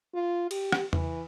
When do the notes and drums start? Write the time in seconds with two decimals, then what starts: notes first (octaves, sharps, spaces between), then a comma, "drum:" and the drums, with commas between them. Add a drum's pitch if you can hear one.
0.14 F4
0.51 G4, drum: cymbal
0.72 drum: rim click
0.93 E3, drum: tom E2